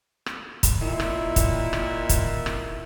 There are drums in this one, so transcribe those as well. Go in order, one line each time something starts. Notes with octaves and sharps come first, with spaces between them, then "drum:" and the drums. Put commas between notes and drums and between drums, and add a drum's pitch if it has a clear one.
drum: rim click
drum: kick, hi-hat
A#2 D#3 E4
drum: rim click
drum: kick, hi-hat
drum: rim click
drum: kick, hi-hat
drum: rim click